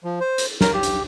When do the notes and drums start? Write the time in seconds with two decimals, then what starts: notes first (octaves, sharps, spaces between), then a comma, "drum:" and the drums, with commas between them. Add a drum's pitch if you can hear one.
0.04 F3
0.20 C5
0.38 drum: hi-hat
0.61 A#4, drum: snare
0.73 G4
0.83 drum: hi-hat